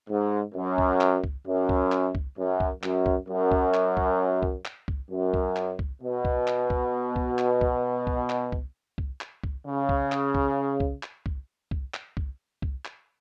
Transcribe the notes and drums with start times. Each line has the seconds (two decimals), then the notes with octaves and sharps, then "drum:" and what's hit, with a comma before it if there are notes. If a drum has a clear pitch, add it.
0.10 G#2
0.55 F#2
0.78 drum: kick C2
1.01 drum: clap
1.24 drum: kick C2
1.47 F#2
1.69 drum: kick C2
1.92 drum: clap
2.15 drum: kick C2
2.38 F#2
2.60 drum: kick C2
2.83 F#2, drum: clap
3.06 drum: kick C2
3.29 F#2
3.51 drum: kick C2
3.74 drum: clap
3.97 drum: kick C2
4.42 drum: kick C2
4.65 drum: clap
4.88 drum: kick C2
5.11 F#2
5.34 drum: kick C2
5.56 drum: clap
5.79 drum: kick C2
6.02 B2
6.25 drum: kick C2
6.47 drum: clap
6.70 drum: kick C2
7.16 drum: kick C2
7.39 drum: clap
7.61 drum: kick C2
8.07 drum: kick C2
8.30 drum: clap
8.52 drum: kick C2
8.98 drum: kick C2
9.21 drum: clap
9.44 drum: kick C2
9.67 C#3
9.89 drum: kick C2
10.12 drum: clap
10.35 drum: kick C2
10.80 drum: kick C2
11.03 drum: clap
11.26 drum: kick C2
11.71 drum: kick C2
11.94 drum: clap
12.17 drum: kick C2
12.62 drum: kick C2
12.85 drum: clap